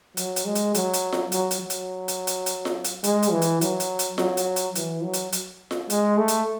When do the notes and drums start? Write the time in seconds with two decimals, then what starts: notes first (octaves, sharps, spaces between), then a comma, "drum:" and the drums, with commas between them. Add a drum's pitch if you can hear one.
0.17 F#3, drum: hi-hat
0.36 drum: hi-hat
0.45 G#3
0.55 drum: hi-hat
0.74 F#3, drum: hi-hat
0.93 drum: hi-hat
1.12 drum: snare F4
1.32 F#3, drum: hi-hat
1.51 drum: hi-hat
1.61 F#3
1.70 drum: hi-hat
2.08 drum: hi-hat
2.27 drum: hi-hat
2.46 drum: hi-hat
2.65 drum: snare F4
2.84 drum: hi-hat
3.04 G#3, drum: hi-hat
3.22 drum: hi-hat
3.32 E3
3.42 drum: hi-hat
3.61 F#3, drum: hi-hat
3.80 drum: hi-hat
3.99 drum: hi-hat
4.18 F#3, drum: snare F4
4.37 drum: hi-hat
4.56 drum: hi-hat
4.75 E3, drum: hi-hat
5.03 F#3
5.13 drum: hi-hat
5.32 drum: hi-hat
5.71 drum: snare F4
5.90 G#3, drum: hi-hat
6.18 A3
6.28 drum: hi-hat